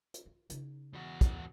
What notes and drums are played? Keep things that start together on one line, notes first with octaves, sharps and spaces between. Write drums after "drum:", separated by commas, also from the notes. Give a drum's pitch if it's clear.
drum: hi-hat
F4
C#3 D#4, drum: hi-hat
E2 F#4
drum: kick, hi-hat